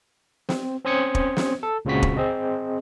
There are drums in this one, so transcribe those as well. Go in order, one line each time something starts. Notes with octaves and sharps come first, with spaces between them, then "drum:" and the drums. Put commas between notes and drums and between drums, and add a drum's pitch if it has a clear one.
C4, drum: snare
C4 C#4 C5 D#6 G#6 C#7
drum: kick
drum: snare
A4
C#2 A#2 C#3 C4 F#4 B6
drum: kick
C4 G#4 D#5